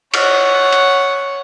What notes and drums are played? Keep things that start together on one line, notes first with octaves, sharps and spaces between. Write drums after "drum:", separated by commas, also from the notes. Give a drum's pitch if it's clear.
C#5 F#5, drum: cymbal
drum: hi-hat